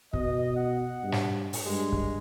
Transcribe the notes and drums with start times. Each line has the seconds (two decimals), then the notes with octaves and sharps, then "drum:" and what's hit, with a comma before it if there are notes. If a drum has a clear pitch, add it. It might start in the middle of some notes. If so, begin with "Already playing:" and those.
0.13 B2 D#5, drum: kick
0.56 F#5
1.03 G2
1.12 drum: snare
1.53 drum: open hi-hat
1.66 G2 G#3
1.92 drum: kick